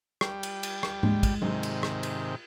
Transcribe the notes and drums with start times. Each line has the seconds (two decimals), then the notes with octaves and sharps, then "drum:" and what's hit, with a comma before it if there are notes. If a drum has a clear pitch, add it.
0.21 G3, drum: rim click
0.43 drum: cymbal
0.63 drum: cymbal
0.83 drum: rim click
1.03 G#3, drum: tom G#2
1.23 drum: kick, cymbal
1.42 G#2 C3 D#3, drum: tom F#3
1.63 drum: cymbal
1.83 drum: rim click
2.03 drum: cymbal